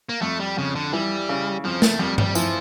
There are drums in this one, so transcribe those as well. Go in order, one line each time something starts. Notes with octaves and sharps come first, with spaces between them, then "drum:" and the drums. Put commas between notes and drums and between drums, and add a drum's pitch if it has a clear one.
A#3
F2 A3
G3
F2 C#3
D3
E3 G3
C#3
F2 F3
A3, drum: snare
F2 G3
G3, drum: tom G2
E3 F3, drum: tambourine